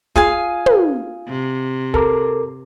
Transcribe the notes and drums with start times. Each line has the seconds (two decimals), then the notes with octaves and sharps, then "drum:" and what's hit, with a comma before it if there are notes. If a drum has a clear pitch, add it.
0.16 F4 G#4 F5 G#5, drum: kick
0.66 drum: tom
1.28 C3
1.94 A4 A#4 D6, drum: kick